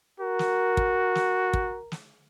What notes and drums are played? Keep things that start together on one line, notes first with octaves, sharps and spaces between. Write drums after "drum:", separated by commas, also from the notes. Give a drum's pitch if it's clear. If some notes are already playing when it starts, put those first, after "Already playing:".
F#4 A#4
drum: snare
drum: kick
drum: snare
drum: kick
drum: snare